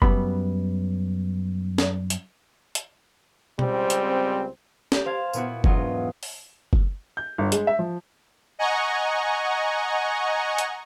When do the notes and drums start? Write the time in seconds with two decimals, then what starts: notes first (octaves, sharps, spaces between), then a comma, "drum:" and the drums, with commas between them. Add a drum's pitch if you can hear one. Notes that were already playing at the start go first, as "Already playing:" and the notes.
0.02 F#2 G3 B3 B5, drum: kick F#1
1.78 drum: snare
2.10 drum: hi-hat
2.75 drum: hi-hat
3.59 C#2 G3 C4, drum: tom
3.90 drum: hi-hat
4.92 G4, drum: snare
5.06 C5 F5 A5 G#6
5.33 A#2 B3 E4 F#4, drum: tambourine
5.64 E1 G#2 F#3 F4 D#5, drum: kick F#1
6.23 drum: open hi-hat
6.73 drum: kick F#1
7.17 G6
7.38 G1
7.52 G#3, drum: hi-hat
7.67 E5
7.79 F3
8.59 D#5 F#5 G#5 A#5 C#6
10.58 drum: hi-hat